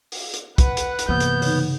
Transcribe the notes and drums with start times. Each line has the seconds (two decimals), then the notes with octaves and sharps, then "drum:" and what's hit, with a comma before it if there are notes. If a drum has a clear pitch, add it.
0.12 drum: open hi-hat
0.34 drum: hi-hat
0.58 B4 F#5, drum: kick, hi-hat
0.77 drum: hi-hat
0.99 drum: hi-hat
1.09 G2 C3 E3 A#3 B3 G6
1.20 drum: hi-hat
1.42 C#3 D#4, drum: open hi-hat